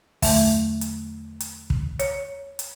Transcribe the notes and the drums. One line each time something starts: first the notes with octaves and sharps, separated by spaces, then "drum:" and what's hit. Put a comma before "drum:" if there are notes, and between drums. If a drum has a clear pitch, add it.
E2 D3 F#3 A3 E5, drum: kick, open hi-hat
drum: hi-hat
drum: hi-hat
drum: kick
C#5, drum: hi-hat
drum: hi-hat